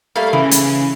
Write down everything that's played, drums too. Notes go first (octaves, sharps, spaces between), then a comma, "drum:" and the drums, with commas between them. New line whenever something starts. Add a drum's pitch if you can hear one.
G3 A3 A#3 F5
C#3 E3
drum: hi-hat